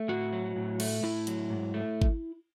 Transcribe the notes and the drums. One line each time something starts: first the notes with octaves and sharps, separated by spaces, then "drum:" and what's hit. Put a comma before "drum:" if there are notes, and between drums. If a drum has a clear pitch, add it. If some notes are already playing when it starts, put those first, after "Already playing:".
Already playing: A3
A2 F#4
F#3
A2
A3, drum: cymbal
A2 E4
F#3, drum: hi-hat
G#2
A3
drum: kick G#1